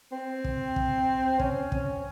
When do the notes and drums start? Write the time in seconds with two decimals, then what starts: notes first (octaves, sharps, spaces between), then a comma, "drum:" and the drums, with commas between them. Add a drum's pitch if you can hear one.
0.12 C4
0.44 drum: kick
0.76 drum: kick
1.39 C#4, drum: kick
1.72 C#4, drum: kick